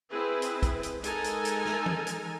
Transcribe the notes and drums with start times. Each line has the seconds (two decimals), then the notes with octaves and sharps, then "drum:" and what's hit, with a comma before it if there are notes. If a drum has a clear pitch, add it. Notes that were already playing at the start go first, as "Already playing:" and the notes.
0.12 C4 E4 G#4 B4
0.42 drum: hi-hat
0.63 drum: kick, hi-hat
0.83 drum: hi-hat
1.04 G#3 D#4 A4 A#4 G#5 A#5, drum: hi-hat
1.24 drum: hi-hat
1.45 drum: hi-hat
1.65 drum: snare
1.86 drum: tom E3
2.07 drum: hi-hat